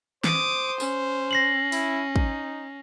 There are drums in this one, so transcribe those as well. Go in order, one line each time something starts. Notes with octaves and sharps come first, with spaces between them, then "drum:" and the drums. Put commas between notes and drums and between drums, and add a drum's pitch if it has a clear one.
C5 D6 D#6, drum: snare
C#4, drum: tambourine
A#6 C7 F#7
E4, drum: open hi-hat
D#4, drum: kick